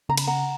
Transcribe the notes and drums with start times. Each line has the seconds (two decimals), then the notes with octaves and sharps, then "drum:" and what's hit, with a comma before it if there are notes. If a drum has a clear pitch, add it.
0.09 C#3 A#5
0.17 B5, drum: cymbal
0.27 F#5 A#5